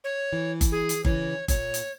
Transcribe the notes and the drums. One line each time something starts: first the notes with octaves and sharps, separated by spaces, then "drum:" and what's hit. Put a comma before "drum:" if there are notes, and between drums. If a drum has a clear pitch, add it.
C#5
E3
drum: kick G1, hi-hat
G#4
drum: hi-hat
C#3 E3 C#5, drum: kick G1
A#2 C#5, drum: kick G1, hi-hat
drum: hi-hat